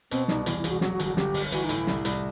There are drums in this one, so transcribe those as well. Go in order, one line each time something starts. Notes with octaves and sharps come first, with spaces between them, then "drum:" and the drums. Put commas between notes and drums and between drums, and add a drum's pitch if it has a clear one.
B2 C4, drum: hi-hat
C2 D#4, drum: snare
E2 E4, drum: hi-hat
E4
E1, drum: hi-hat
F#4
F#3 F#4, drum: snare
F#4
G1, drum: hi-hat
F#4
G1 G4, drum: snare
G1, drum: open hi-hat
E3 F#4, drum: hi-hat
D#4
A2, drum: hi-hat
E4
C2, drum: snare
C2, drum: hi-hat